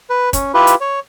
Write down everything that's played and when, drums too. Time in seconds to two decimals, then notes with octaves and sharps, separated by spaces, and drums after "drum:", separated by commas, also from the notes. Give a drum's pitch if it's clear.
0.10 B4
0.33 C#4, drum: kick, hi-hat
0.54 E4 F4 G4 B4
0.67 drum: hi-hat
0.81 C#5